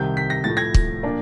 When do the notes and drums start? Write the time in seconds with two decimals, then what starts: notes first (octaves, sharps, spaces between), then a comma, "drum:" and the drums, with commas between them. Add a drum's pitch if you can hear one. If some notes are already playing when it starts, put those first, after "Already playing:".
Already playing: C2 C3 D#3 G6
0.17 B6
0.30 A#6
0.44 A2 F3 A3 A6
0.57 G#6 A#6
0.74 drum: kick
1.03 A#2 F3 A#3 D4